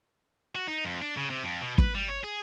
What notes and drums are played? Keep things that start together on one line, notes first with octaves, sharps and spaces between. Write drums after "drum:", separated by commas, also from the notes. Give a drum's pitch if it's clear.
F#4
D#4
F2
D4
C#3
C3
F2
B2
B4, drum: kick
G3
C#5
G#4